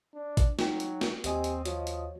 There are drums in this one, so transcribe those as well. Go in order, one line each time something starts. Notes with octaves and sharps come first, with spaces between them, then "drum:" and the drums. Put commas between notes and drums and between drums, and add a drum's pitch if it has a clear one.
D4
drum: kick A1, hi-hat
F#3 D#4 G5, drum: snare
drum: hi-hat
drum: snare
D#2 C4 G4 D#5 G#5 D#6, drum: hi-hat
drum: hi-hat
F3 F#4 C#5, drum: hi-hat
drum: hi-hat